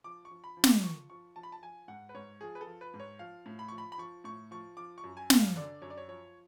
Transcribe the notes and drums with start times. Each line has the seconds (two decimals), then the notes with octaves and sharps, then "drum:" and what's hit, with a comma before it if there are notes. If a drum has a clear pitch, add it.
0.04 F3 D6
0.25 C#6
0.31 F3
0.44 B5
0.57 F3
0.64 D6, drum: snare
0.83 F3 C#6
1.10 F3 C#6
1.36 F3 A5
1.43 B5
1.52 A5
1.62 F3 G#5
1.88 G#2 F#5
2.09 B4
2.15 G#2 C#5
2.41 F3 G#4
2.55 B4
2.61 A4
2.67 F3
2.81 B4
2.94 G#2
3.00 C#5
3.19 F3 F5
3.46 A2
3.59 B5
3.68 F3 C#6
3.78 B5
3.92 B5
3.98 F3 C#6
4.24 A2 C#6
4.51 F3 C#6
4.77 F3 D6
4.98 C#6
5.04 F#2
5.17 G#5
5.30 F#2, drum: snare
5.36 F5
5.56 D3 D5
5.82 F#2 C#5
5.90 D5
5.98 C#5
6.08 F3 C#5